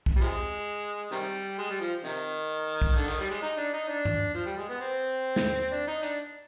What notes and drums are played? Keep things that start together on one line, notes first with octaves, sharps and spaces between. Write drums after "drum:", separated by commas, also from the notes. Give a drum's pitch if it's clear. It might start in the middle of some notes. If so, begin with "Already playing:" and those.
drum: kick B1
G3
C3 F3 G#3
C3 D#3 G3
G#3
G3
F3
C3 D#3
drum: kick B1
D3
D#3, drum: cymbal
G3
G#3
D#4
D4
D#4
D4
drum: tom G2
F3
G3
G#3
B3
C4
drum: snare
D4
D#4
D4, drum: hi-hat